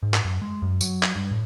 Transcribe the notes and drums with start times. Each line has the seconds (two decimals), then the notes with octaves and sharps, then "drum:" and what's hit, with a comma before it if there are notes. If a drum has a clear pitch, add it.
0.03 G#2
0.14 drum: clap
0.25 F#2
0.42 G#3
0.62 F#2
0.81 F#3, drum: tambourine
1.03 drum: clap
1.16 G2
1.31 A2